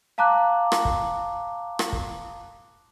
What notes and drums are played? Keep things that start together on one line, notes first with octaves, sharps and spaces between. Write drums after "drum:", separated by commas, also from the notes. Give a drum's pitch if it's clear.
F5 A5 A#5 D6 F#6
drum: rim click
drum: kick
drum: rim click
drum: kick